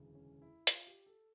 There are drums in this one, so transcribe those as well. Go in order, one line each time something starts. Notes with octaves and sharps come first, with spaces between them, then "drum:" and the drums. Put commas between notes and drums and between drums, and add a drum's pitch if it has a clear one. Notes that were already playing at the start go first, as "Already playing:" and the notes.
Already playing: E1 D2 C#3 E3
C#4
E4
F4, drum: hi-hat
G4
A4